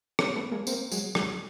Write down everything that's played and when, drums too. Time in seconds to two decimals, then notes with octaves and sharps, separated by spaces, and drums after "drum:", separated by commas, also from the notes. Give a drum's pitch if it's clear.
0.19 B3 C#4, drum: rim click
0.35 A3 B3
0.51 G#3 A#3
0.67 A#3 C4, drum: tambourine
0.92 F#3 G#3, drum: tambourine
1.15 F#3 G#3, drum: rim click